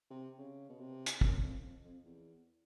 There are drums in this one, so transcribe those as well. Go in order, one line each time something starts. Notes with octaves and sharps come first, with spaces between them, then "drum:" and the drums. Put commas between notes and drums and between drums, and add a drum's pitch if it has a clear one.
C3
C#3
B2
C3
drum: hi-hat
F#2, drum: kick
F2
F2
F2
E2